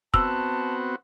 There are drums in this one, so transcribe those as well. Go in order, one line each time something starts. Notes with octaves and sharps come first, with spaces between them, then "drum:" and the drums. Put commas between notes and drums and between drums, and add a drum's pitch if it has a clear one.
B3 C4 F#4 A5 E6, drum: kick